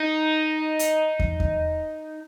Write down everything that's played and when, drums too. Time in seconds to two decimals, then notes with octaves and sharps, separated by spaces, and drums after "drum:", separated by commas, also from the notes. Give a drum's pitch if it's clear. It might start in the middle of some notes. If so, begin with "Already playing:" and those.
Already playing: D#4
0.79 drum: hi-hat
1.19 drum: kick
1.40 drum: kick